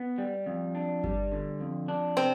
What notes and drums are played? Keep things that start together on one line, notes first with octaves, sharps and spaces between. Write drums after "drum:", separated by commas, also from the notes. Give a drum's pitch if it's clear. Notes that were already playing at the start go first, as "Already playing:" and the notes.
Already playing: B3
G3
F2
D4
G3, drum: kick G1
D3
F2
D4
C3 C4